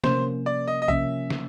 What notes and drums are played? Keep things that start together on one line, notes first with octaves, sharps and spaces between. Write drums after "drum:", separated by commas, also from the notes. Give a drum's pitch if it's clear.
C3 F3 A#3 C#4 C5, drum: snare
D5
D#5
D#5
C3 F3 A#3 C#4 E5, drum: kick B1
drum: snare